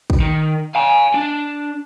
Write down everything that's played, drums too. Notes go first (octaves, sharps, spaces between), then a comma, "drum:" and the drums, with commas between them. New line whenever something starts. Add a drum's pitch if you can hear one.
drum: kick
D#3
F5 G#5
D4